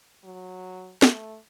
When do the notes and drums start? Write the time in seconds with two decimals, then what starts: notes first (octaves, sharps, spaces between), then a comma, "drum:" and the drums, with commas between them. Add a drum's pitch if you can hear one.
0.24 F#3
1.02 A3, drum: snare